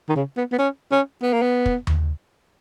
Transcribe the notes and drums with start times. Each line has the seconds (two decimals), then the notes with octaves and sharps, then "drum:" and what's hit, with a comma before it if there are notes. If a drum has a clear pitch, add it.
0.09 D#3
0.16 C#3
0.37 B3
0.52 B3
0.58 C#4
0.91 C#4
1.22 B3
1.33 A#3
1.42 B3
1.66 drum: kick
1.87 drum: tom D#2